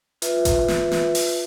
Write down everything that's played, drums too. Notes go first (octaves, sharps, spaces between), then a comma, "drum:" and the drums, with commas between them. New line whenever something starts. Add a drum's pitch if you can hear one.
F4 B4 E5, drum: hi-hat
drum: kick G#1, hi-hat
drum: snare
drum: snare
drum: open hi-hat